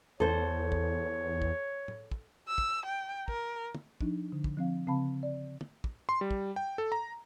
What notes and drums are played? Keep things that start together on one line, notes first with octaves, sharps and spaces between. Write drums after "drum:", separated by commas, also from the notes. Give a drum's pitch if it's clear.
E2 A4 C5 C#5
drum: kick
drum: kick
drum: tom
drum: kick
E6
drum: kick
G5
A#4, drum: kick
drum: tom
F3 D4 D#4, drum: kick
D3
drum: kick
F3 C4 F5
C#3 C4 F5 A5 B5
D5
drum: tom
drum: kick
C6
G3
drum: kick
G5
A4
A#5